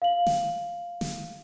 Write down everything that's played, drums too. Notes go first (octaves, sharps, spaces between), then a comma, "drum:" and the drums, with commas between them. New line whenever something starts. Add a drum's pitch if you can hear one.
F5 F#7
drum: snare
drum: snare